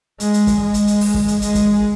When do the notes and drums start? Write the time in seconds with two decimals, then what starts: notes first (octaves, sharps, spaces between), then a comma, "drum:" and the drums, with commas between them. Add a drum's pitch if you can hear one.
0.20 G#3, drum: hi-hat
0.34 drum: hi-hat
0.47 drum: kick, hi-hat
0.60 G#3
0.74 drum: hi-hat
0.87 drum: hi-hat
1.01 drum: open hi-hat
1.14 drum: kick
1.28 drum: hi-hat
1.42 G#3, drum: hi-hat
1.55 drum: kick, hi-hat